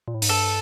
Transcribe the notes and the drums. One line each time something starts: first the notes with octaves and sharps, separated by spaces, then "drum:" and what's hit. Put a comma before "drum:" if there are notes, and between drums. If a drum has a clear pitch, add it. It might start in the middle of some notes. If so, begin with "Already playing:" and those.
A#2
A2
G#2, drum: open hi-hat
G2 A4